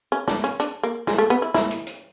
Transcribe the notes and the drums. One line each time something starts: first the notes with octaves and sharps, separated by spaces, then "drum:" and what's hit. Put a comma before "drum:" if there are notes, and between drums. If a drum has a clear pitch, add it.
C#4
D4, drum: snare
C#4, drum: hi-hat
D4, drum: hi-hat
A#3
G#3, drum: snare
A3
B3
E4
E4, drum: snare
drum: hi-hat
drum: hi-hat